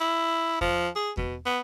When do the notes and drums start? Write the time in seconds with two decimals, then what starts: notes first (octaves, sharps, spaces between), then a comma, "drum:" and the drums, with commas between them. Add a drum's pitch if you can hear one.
0.01 E4
0.61 F3, drum: kick E2
0.96 G#4
1.17 B2, drum: kick E2
1.46 B3